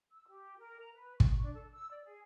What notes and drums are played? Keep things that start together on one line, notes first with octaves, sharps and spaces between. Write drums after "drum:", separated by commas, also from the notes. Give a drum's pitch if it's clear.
E6
G4
A#4
A#5
B4
C#6, drum: kick
D4
A4
E6
D5
G#4